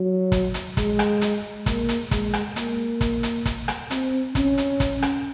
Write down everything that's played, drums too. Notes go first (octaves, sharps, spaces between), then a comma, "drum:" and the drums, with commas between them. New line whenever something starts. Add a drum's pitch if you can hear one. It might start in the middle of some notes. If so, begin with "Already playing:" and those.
Already playing: F#3
drum: kick, hi-hat
drum: hi-hat
G#3, drum: kick, hi-hat
drum: rim click
drum: hi-hat
A#3, drum: kick, hi-hat
drum: hi-hat
G#3, drum: kick, hi-hat
drum: rim click
A#3, drum: hi-hat
drum: kick, hi-hat
drum: hi-hat
drum: kick, hi-hat
drum: rim click
C4, drum: hi-hat
C#4, drum: kick, hi-hat
drum: hi-hat
drum: kick, hi-hat
drum: rim click